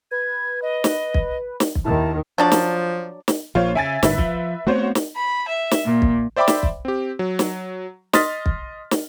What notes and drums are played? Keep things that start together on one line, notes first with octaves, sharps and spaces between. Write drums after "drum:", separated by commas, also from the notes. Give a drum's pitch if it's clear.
B4 G#6
D#5
drum: snare
drum: kick
drum: snare
drum: kick
D#2 D#3 E4 A5
F3 F#3 D4 D5
drum: snare
drum: snare
A#1 F3 A#3 F4 C5 C#5
C#3 E5 G#5 A6
G1 A2 B4 E5, drum: snare
F3, drum: kick
A3 B3 C4 F#4 C5 C#5
drum: snare
B5
E5
drum: snare
A#2
drum: kick
C5 D5 E5 G5 B5 D6
drum: snare
drum: kick
C4 G4
F#3
drum: snare
D#5 C6 D#6 F6 A6 B6, drum: snare
drum: kick
drum: snare